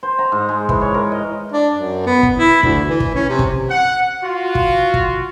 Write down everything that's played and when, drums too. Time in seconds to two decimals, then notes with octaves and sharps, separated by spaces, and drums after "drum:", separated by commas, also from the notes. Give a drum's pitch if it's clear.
0.03 C5
0.19 A#5
0.32 G#2
0.49 G#3
0.69 E3, drum: kick
0.81 C#5
0.94 A#4
1.12 D#5
1.52 D4
1.74 F#2
2.06 B3
2.23 drum: kick
2.38 E4
2.63 D2, drum: kick
2.88 E3
3.00 drum: kick
3.15 C#4
3.29 C3
3.39 drum: kick
3.70 F#5
4.24 F4 F#4
4.55 drum: kick
4.94 drum: kick